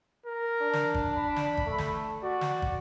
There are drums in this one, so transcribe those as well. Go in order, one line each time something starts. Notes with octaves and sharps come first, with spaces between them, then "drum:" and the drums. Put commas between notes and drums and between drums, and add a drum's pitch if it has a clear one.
A#4
D4
drum: snare
drum: kick
B5
drum: snare
drum: kick
A3
drum: snare
F#4 D5
drum: snare
drum: kick